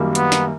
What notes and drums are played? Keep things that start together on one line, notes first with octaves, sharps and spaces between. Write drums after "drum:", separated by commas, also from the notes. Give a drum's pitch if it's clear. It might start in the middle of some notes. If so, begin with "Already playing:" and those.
Already playing: F#2 D#3 G3 A#3
B3, drum: hi-hat
drum: snare